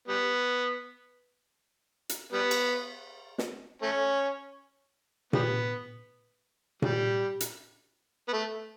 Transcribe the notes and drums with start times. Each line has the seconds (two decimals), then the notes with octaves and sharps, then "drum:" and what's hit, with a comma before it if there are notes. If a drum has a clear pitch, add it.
0.08 G3 B3
2.09 drum: hi-hat
2.32 G3 B3
2.51 drum: cymbal
3.38 drum: snare
3.82 A3 C#4
5.33 G3 B3, drum: tom A#2
6.82 G3, drum: tom A#2
7.40 drum: hi-hat
8.28 B3
8.33 A3